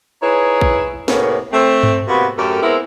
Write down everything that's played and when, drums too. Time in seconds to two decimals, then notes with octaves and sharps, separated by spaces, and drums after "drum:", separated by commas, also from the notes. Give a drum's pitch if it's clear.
0.22 D#4 E4 G#4 B4 C#5
0.61 drum: kick A#1
1.08 A2 C3 A#3 B3 C#4, drum: snare
1.53 A3 C4
1.83 drum: tom G2
2.08 C3 A#3 B3 F#4
2.38 F#2 A3 G4 A4 A#4
2.62 G#3 B3 C4 E4 A#4